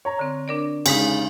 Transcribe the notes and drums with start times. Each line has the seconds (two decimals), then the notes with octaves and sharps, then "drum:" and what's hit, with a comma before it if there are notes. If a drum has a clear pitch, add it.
0.05 C#5 A#5
0.19 D3 C4
0.48 D4 A#4 D5
0.86 E2 C#3 G#3 D#4, drum: cymbal